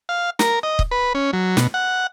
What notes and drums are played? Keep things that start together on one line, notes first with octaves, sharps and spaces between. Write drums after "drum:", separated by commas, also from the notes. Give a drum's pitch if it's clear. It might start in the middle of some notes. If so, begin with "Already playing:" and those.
F5
A#4, drum: snare
D#5
drum: kick
B4
C#4
F#3
B2, drum: snare
F#5